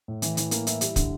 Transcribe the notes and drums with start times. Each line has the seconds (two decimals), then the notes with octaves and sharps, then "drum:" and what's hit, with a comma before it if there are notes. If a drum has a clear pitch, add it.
0.08 A2
0.22 E3, drum: hi-hat
0.37 E3, drum: hi-hat
0.51 A#3, drum: hi-hat
0.67 E4, drum: hi-hat
0.81 G3, drum: hi-hat
0.96 D3, drum: kick, hi-hat